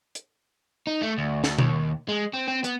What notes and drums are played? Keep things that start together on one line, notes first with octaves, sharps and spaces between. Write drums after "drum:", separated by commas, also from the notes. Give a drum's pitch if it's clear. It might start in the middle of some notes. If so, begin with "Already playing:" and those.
drum: hi-hat
D#4
A3
D2
D2, drum: snare
D#2, drum: tom B2
G#3
C4
C4
B3, drum: hi-hat